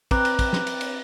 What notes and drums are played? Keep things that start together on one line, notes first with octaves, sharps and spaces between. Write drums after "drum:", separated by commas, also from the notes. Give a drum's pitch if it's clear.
C4 B4 A#5 D6 F#6, drum: kick, cymbal
drum: cymbal
drum: kick, cymbal
drum: snare
drum: cymbal
drum: cymbal